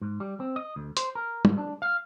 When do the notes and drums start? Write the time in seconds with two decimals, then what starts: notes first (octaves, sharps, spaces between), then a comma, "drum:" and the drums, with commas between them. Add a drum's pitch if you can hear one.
0.02 G#2
0.20 G3
0.40 C4
0.56 D#5
0.76 D2
0.97 C5, drum: hi-hat
1.15 A#4
1.45 G#2, drum: tom
1.58 D4
1.82 F5